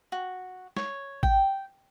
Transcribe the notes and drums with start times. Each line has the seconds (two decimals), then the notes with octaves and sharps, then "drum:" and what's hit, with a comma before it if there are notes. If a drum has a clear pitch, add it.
0.12 F#4
0.76 C#5, drum: snare
1.23 G5, drum: kick G#1